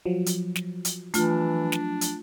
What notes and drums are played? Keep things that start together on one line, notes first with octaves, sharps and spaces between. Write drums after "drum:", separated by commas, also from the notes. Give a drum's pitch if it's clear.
F3 F#3
drum: hi-hat
drum: snare
drum: hi-hat
E3 A3 D4 F4, drum: hi-hat
drum: snare
drum: hi-hat